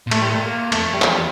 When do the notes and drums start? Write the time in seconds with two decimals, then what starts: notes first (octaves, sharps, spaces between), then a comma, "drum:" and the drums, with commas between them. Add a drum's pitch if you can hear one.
0.07 A#2
0.11 A2 A3, drum: cymbal
0.22 G3
0.32 A3
0.42 A#3
0.72 F2 A3, drum: cymbal
0.94 G3
1.02 E2 F3, drum: clap
1.12 G3